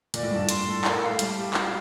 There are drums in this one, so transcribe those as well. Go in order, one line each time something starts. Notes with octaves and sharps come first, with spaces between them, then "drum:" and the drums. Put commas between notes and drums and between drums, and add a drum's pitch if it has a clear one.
A#2 D5, drum: hi-hat
A2
G2 A5
A2
C6, drum: hi-hat
A4
A#4, drum: clap
F5
A3
G3 A5, drum: hi-hat
G4
F5, drum: clap